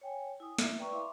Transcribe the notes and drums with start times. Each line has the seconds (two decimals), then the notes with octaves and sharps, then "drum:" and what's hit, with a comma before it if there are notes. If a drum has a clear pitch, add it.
0.01 C#5 G5 G#5
0.40 E4 D#6
0.59 E5, drum: snare
0.78 B4 D5 G5 A#5 C#6
0.92 E4 E5 F5 C6 D6